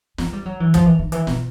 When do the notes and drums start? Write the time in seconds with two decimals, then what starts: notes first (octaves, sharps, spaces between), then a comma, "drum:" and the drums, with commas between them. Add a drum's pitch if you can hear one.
0.18 G#3, drum: snare
0.33 G3
0.45 F#3
0.60 E3
0.74 F3, drum: kick, hi-hat
0.86 E3
0.99 D#3
1.12 E3, drum: hi-hat
1.27 B2, drum: snare